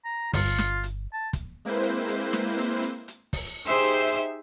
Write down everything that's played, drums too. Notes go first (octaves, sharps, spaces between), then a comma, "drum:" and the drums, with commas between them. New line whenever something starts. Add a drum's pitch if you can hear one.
A#5
G1 F4, drum: kick, open hi-hat
drum: snare
drum: hi-hat
A5
drum: kick, hi-hat
G#3 A#3 C4 E4 B4 C5
drum: hi-hat
drum: hi-hat
drum: snare
drum: hi-hat
drum: hi-hat
drum: hi-hat
drum: kick, open hi-hat
D#4 G4 G#4 C5 E5
drum: hi-hat